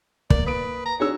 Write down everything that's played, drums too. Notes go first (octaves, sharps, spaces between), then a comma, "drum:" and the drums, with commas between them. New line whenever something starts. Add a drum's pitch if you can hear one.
A#3 D5, drum: kick
B4 D#6 D7
A#5
D4 F#4 G#4 C#5 E6